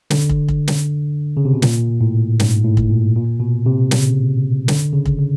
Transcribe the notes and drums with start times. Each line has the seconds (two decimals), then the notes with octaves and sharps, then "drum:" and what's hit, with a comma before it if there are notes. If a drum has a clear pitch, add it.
0.10 D3, drum: snare
0.29 drum: kick
0.49 drum: kick
0.68 drum: snare
1.37 C#3
1.45 C3
1.54 B2
1.62 A#2, drum: snare
2.01 A2
2.40 G#2, drum: snare
2.64 A2
2.77 drum: kick
2.90 A#2
3.16 A#2
3.40 B2
3.66 C3
3.91 C#3, drum: snare
4.68 D3, drum: snare
4.93 C#3
5.06 drum: kick
5.19 C#3